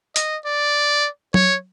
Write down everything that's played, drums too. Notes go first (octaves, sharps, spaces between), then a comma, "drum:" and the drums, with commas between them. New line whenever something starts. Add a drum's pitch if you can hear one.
D#5, drum: hi-hat
D5
C#5, drum: tom F#3